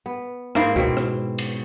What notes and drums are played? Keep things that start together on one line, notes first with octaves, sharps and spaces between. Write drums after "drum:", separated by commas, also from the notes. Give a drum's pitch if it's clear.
B3
G#2 A#3 E4 C5, drum: rim click
B2 C4, drum: kick C#2
drum: rim click
drum: cymbal